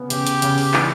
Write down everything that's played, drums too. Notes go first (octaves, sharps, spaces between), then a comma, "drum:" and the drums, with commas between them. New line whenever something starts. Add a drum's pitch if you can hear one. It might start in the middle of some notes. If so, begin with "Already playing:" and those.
Already playing: C#3 B3
C#3 G4, drum: hi-hat
drum: hi-hat
C#3, drum: hi-hat
drum: open hi-hat
E3, drum: clap